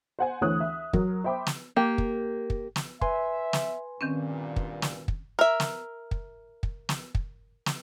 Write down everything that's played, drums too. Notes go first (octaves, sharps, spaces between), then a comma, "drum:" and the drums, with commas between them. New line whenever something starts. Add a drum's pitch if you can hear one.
C5 F#5 G#5
D2 E3 C#5 D#6 F#6
E5
F#3 A#4, drum: kick
C5 E5 G5 B5 D6
drum: snare
A#3 G4
drum: kick
drum: kick
drum: snare
B4 E5 G#5 C6, drum: kick
drum: snare
D2 G2 A#2 D#3 C4 C#4
drum: kick
drum: snare
drum: kick
A#4 E5
drum: snare
drum: kick
drum: kick
drum: snare
drum: kick
drum: snare